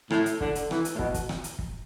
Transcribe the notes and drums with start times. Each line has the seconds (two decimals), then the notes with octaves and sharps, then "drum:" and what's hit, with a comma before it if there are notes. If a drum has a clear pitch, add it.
0.10 A2, drum: rim click
0.26 drum: hi-hat
0.41 D3, drum: kick
0.55 drum: hi-hat
0.71 E3, drum: rim click
0.85 drum: hi-hat
0.95 A2
0.99 B2, drum: kick
1.14 drum: kick, hi-hat
1.29 drum: rim click
1.44 drum: hi-hat
1.59 drum: kick